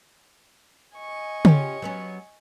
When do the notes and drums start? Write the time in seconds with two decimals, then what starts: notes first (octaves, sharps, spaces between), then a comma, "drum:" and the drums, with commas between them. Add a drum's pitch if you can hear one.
0.97 D#5 G#5 C#6
1.45 C#4 F4 G4, drum: tom
1.82 F#3 B3 C#4